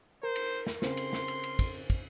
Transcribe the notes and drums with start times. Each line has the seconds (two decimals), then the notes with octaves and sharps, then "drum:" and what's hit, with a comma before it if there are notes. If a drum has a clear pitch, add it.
0.23 A#4 C5
0.36 drum: cymbal
0.67 drum: snare
0.82 C#3 C4 C#4 C6, drum: snare
0.97 drum: cymbal
1.13 drum: snare
1.28 drum: cymbal
1.44 drum: cymbal
1.59 drum: kick, cymbal
1.90 drum: kick, cymbal